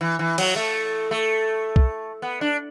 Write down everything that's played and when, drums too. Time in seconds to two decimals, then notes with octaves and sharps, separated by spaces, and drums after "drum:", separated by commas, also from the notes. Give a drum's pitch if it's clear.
0.01 E3
0.19 E3
0.38 F#3, drum: cymbal
0.56 A3
1.11 A3
1.76 drum: kick B1
2.22 B3
2.41 D4